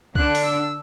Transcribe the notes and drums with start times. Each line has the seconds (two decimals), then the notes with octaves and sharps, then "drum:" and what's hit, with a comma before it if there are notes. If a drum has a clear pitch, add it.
0.15 D3 D4 F#6, drum: kick C2
0.35 drum: open hi-hat
0.45 E6